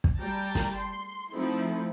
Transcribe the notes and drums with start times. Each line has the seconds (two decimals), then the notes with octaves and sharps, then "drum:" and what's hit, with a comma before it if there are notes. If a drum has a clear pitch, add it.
0.04 drum: kick
0.17 G3 G5 A5 A#5
0.55 drum: snare
0.76 C6
1.34 F3 A3 C4 D#4 E4